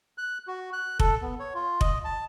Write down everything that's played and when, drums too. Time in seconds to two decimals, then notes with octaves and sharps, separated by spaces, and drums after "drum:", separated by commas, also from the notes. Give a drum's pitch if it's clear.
0.18 F#6
0.48 F#4
0.73 F#6
0.99 A4, drum: kick F1
1.22 B3
1.40 C#5
1.54 F4
1.81 D#5, drum: kick F1
2.05 A5